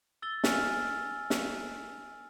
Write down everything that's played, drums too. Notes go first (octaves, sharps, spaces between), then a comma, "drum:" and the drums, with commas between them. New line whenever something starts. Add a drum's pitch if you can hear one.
E6 A6 G7
G#5 E6 F6, drum: snare
drum: snare